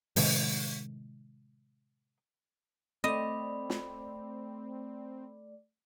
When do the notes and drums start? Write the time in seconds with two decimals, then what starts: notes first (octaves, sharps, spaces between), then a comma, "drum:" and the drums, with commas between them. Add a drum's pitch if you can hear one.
0.16 A2 C3 D#3 G#3, drum: open hi-hat
3.04 A3 C4 D5 D#5 B5
3.70 drum: snare